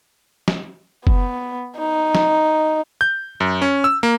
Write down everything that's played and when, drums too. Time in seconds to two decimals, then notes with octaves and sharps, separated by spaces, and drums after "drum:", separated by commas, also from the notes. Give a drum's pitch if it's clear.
0.48 drum: snare
1.07 B3, drum: kick F#1
1.78 D#4
2.15 drum: snare
3.01 G6
3.40 F#2
3.62 C#4
3.84 E6
4.03 A#3